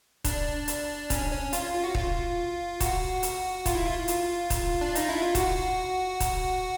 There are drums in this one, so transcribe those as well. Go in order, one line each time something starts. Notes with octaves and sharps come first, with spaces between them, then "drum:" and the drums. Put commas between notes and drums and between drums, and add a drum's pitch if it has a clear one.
D4, drum: kick D#1, hi-hat
drum: hi-hat
C#4, drum: kick D#1, hi-hat
C#4
F4, drum: hi-hat
F4
F#4
F4, drum: kick D#1
F#4, drum: kick D#1, hi-hat
drum: hi-hat
F4, drum: kick D#1, hi-hat
E4
F4
drum: hi-hat
drum: kick D#1, hi-hat
D4
D#4, drum: hi-hat
E4
F4
F#4, drum: kick D#1, hi-hat
drum: kick D#1, hi-hat